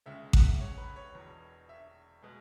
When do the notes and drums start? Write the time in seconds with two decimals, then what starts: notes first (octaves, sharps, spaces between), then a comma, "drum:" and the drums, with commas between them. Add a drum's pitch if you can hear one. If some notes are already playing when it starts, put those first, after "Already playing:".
0.06 C#2 C#3 G#3 E5
0.33 F#5, drum: kick A1
0.46 E5
0.60 C#5
0.78 B4
0.96 C#5
1.15 E1 E2 B2
1.69 E5
2.22 B2 G#3